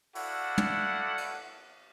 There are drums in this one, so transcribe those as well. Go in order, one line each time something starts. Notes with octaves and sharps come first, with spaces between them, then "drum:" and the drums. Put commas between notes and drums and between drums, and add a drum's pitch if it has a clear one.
E4 F#4 A4 D5 F5 F#5, drum: open hi-hat
drum: tom
drum: cymbal